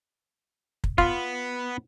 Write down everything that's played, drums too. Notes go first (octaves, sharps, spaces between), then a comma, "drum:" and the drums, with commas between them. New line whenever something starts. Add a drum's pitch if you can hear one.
drum: kick
B3 F4, drum: kick